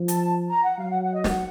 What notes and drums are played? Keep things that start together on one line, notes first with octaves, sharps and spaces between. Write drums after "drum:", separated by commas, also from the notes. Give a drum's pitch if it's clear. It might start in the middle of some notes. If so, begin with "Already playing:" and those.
Already playing: F3
A5, drum: hi-hat
A#5
F#5
F#3 F5
F#5
F#5
D#5
F#5, drum: snare